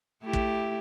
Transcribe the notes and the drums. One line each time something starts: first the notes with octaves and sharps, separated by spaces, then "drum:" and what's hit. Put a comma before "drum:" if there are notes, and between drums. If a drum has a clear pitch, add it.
A3 E4 G4
drum: kick